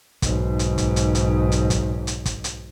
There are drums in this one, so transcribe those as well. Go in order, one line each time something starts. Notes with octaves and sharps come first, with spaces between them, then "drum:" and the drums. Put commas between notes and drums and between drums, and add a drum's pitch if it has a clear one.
B1 G#2, drum: kick, hi-hat
drum: hi-hat
drum: kick, hi-hat
drum: hi-hat
drum: hi-hat
drum: hi-hat
drum: kick, hi-hat
drum: hi-hat
drum: kick, hi-hat
drum: hi-hat